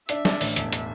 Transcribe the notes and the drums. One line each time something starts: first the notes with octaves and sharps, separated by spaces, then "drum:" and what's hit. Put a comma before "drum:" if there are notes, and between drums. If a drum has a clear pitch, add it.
D4 E5, drum: hi-hat
D4, drum: snare
A1, drum: open hi-hat
E1 E5, drum: hi-hat
drum: hi-hat